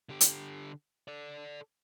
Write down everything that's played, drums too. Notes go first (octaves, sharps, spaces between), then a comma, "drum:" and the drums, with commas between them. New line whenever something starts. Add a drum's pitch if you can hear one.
D3 G4
drum: hi-hat
A4 D5